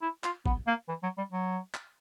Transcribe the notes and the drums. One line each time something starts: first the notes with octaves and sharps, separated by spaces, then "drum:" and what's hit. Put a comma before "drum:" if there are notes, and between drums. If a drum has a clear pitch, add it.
E4
F4, drum: clap
B3, drum: kick
A#3
E3
F#3
G3
F#3
drum: clap